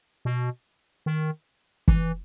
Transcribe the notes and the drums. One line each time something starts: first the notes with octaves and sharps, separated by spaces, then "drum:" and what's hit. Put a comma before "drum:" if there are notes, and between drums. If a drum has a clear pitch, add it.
B2
D#3
E3, drum: kick